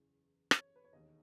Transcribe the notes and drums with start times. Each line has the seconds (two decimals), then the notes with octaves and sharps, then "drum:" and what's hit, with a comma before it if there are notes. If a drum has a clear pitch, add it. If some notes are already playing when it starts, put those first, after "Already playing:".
Already playing: F#1 E2 E3
0.51 C#5, drum: rim click
0.76 B4
0.84 C#5
0.92 E1 D#2 D#3 D#5